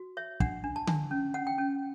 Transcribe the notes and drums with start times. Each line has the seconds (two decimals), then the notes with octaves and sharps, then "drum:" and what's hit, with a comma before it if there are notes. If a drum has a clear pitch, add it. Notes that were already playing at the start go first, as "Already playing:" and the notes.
Already playing: F#4
0.17 C#5 E5
0.40 D4 F#5, drum: kick
0.64 D4
0.76 A5
0.87 D4, drum: tom D3
1.11 C#4
1.34 C#4 F#5
1.47 G5
1.58 C#4